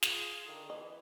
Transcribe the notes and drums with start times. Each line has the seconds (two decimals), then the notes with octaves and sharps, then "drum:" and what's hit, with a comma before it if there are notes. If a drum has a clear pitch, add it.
0.03 F4 G#4, drum: snare
0.46 D3 D#3
0.70 E3 D#5